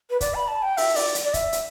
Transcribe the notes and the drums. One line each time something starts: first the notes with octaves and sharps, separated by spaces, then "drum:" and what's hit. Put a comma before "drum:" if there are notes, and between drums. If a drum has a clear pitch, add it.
B4
D5, drum: kick, hi-hat
B5
A5
G5
E5, drum: open hi-hat
D5, drum: open hi-hat
drum: hi-hat
D5
E5, drum: kick, hi-hat
drum: hi-hat